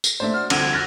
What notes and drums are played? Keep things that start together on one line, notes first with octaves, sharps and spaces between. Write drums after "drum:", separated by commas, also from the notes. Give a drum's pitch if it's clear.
drum: tambourine
D#2 A3 D4 C5 E5
F#4 F6
C2 D3 F3 C4 F#5 G#6 D#7, drum: cymbal
F6 F#6 A6 A#6